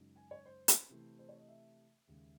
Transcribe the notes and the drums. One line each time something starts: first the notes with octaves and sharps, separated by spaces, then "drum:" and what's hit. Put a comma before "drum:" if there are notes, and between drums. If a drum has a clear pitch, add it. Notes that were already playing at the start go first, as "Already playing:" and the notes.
Already playing: F#2 C#3 G#3 D#4
G#5
C#5
C5
drum: hi-hat
C3 E3 A3
C5
C#5
D#5
E5
D#2 C#3 G#3